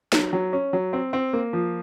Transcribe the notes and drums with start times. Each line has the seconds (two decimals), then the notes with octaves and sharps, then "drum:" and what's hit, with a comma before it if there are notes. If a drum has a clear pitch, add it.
0.13 F#3, drum: snare D4
0.33 F#3
0.53 C#4
0.73 F#3
0.93 C4
1.13 C4
1.33 A#3
1.53 F3